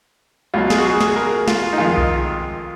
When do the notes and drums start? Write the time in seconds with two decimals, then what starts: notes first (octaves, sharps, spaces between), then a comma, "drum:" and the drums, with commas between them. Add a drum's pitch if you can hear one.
0.54 C#2 B2 F#3 F4
0.70 G#4, drum: snare
0.78 F#4
0.85 G#4
1.01 G#4, drum: snare
1.16 A#4
1.48 F4, drum: snare
1.73 D#4
1.78 F2 D#3 G#3 F4
1.97 drum: kick B1